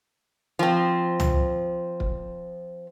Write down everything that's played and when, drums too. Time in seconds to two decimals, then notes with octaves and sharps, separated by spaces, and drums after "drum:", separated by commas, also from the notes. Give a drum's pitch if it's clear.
0.59 F3 C4
1.20 drum: tom
2.00 drum: kick